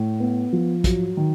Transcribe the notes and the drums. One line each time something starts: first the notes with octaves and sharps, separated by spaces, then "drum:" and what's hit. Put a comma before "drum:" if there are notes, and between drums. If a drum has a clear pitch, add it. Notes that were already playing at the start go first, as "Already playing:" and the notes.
Already playing: A2
B3
F3
F#3, drum: kick A#1, hi-hat
D#3